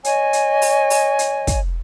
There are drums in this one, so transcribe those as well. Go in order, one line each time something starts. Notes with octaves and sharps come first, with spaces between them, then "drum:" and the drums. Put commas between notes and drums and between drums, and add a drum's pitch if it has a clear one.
C#5 D#5 G#5, drum: hi-hat
drum: hi-hat
drum: open hi-hat
drum: open hi-hat
drum: hi-hat
drum: kick, hi-hat